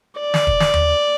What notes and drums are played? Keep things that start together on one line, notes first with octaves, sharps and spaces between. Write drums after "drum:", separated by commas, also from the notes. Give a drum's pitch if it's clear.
D5
drum: snare
drum: kick
drum: snare
drum: tom D#2